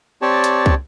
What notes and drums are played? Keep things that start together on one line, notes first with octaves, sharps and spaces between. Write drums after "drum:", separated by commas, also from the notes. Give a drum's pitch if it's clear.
C4 G4 C#5 D5 A5
drum: hi-hat
drum: kick